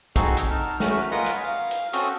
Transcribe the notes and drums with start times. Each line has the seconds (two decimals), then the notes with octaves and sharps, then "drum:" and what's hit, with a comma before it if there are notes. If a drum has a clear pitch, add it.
0.16 C4 D#4 F#4 G#4 A4, drum: kick, hi-hat
0.37 drum: hi-hat
0.51 D#4 A5 F6
0.80 A3 C#4 F#4 F6, drum: snare
1.11 F4 A#4 B4 D#5 F#5 G#5
1.26 drum: hi-hat
1.43 F5
1.71 drum: hi-hat
1.93 C4 C#4 F#4 A4 D#6, drum: hi-hat